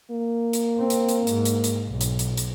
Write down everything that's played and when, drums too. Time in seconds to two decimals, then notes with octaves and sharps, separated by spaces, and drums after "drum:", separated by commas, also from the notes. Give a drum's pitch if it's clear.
0.11 A#3
0.53 drum: hi-hat
0.80 C4
0.90 drum: hi-hat
1.09 drum: hi-hat
1.27 G#2, drum: hi-hat
1.45 drum: hi-hat
1.64 drum: hi-hat
1.88 B1
2.01 drum: hi-hat
2.19 drum: hi-hat
2.37 drum: hi-hat